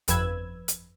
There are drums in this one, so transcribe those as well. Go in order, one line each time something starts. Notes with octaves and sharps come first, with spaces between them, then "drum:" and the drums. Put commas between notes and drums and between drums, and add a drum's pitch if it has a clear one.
G1 F2 B4 E6 G#6, drum: hi-hat
drum: hi-hat